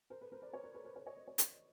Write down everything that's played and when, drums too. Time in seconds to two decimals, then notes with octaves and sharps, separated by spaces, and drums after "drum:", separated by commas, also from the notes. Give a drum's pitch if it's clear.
0.10 A#4 C5
0.21 A4 B4
0.32 A#4 C5
0.42 C5 D5
0.53 B4 C#5
0.64 A#4 C5
0.74 A4 B4
0.85 A#4 C5
0.96 B4 C#5
1.06 C#5 D#5
1.17 C5 D5
1.27 C#5 D#5
1.38 drum: hi-hat